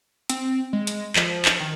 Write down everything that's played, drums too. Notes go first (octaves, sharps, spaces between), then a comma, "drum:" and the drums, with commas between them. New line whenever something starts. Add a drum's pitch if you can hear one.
C4, drum: hi-hat
G#3
drum: hi-hat
F3, drum: clap
drum: clap
D#3